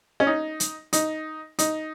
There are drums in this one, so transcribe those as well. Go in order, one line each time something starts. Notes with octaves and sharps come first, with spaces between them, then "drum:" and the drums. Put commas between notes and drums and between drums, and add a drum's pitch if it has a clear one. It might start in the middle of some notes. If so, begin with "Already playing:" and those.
C#4
D#4
drum: hi-hat
D#4, drum: hi-hat
D#4, drum: hi-hat